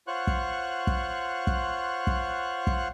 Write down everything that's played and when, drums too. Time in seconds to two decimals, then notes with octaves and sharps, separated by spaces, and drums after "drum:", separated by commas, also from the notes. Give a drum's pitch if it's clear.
0.07 F4 C5 C#5 F#5 C#6 F#6
0.27 drum: kick
0.87 drum: kick
1.47 drum: kick
2.07 drum: kick
2.67 drum: kick